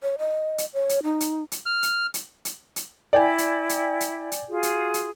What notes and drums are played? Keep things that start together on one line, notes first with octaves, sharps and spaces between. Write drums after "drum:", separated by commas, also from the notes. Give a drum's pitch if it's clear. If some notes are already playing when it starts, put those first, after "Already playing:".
C#5
D#5
drum: hi-hat
C#5
drum: hi-hat
D#4
drum: hi-hat
drum: hi-hat
F6
drum: hi-hat
drum: hi-hat
drum: hi-hat
drum: hi-hat
E4 D5 G5 G#5
drum: hi-hat
drum: hi-hat
drum: hi-hat
drum: hi-hat
F4 F#4 G#4
drum: hi-hat
drum: hi-hat